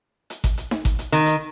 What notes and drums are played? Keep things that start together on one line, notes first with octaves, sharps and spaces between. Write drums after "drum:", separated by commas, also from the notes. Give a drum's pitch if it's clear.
drum: hi-hat
drum: kick G#1, hi-hat
drum: hi-hat
drum: snare D#4
drum: kick G#1, hi-hat
drum: hi-hat
D#3, drum: hi-hat
drum: hi-hat